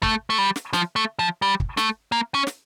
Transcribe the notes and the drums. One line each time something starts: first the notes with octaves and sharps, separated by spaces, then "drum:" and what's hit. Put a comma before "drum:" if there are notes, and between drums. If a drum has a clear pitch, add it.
A3, drum: kick
A3
G3
drum: snare
F3, drum: snare
A3
F3
G3
drum: kick
A3, drum: snare
A#3
C#4
drum: snare